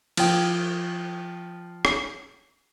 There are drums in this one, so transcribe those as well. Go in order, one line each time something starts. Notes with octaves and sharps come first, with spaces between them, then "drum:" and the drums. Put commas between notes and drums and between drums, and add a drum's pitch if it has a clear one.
F3 G5, drum: cymbal
drum: rim click